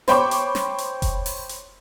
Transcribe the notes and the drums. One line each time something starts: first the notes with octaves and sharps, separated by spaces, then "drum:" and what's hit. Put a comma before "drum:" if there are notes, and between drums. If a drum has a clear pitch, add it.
C5 C#5 G5 B5 C#6 D6, drum: snare
drum: hi-hat
drum: snare
drum: hi-hat
drum: kick F1, hi-hat
drum: open hi-hat
drum: hi-hat